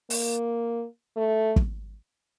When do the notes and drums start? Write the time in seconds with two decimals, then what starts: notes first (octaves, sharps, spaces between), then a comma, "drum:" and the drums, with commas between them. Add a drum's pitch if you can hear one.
0.10 A#3, drum: open hi-hat
1.17 A3
1.56 drum: kick